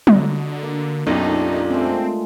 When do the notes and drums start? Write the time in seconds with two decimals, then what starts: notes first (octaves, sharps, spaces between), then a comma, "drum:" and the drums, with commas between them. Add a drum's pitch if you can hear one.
0.07 D3 D#4 F#4 F#5, drum: tom F#3
0.63 A#3
1.07 B1 F#2 D3 D#4 F4 G4
1.70 G#3 A3 C4